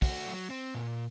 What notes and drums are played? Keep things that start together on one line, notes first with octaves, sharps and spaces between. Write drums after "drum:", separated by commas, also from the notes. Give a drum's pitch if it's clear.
A3 F#4, drum: kick, open hi-hat
F#3
C4
A#2